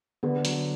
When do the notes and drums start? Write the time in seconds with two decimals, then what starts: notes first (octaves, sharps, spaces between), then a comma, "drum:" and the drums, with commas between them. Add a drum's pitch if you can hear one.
0.23 D3 B3
0.45 F#3, drum: hi-hat